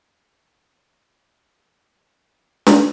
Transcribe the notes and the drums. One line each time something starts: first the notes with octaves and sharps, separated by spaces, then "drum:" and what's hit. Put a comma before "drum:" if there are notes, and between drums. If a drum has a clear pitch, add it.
C#5
F5
F#4
drum: snare